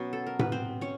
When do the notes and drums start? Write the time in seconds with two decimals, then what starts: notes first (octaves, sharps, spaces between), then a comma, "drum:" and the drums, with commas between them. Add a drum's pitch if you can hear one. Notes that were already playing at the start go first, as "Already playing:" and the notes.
Already playing: B2 F#3 B3 C#4 C#5
0.13 A4
0.26 A#4
0.39 B4, drum: tom A2
0.52 C4 C5
0.81 C#4 C#5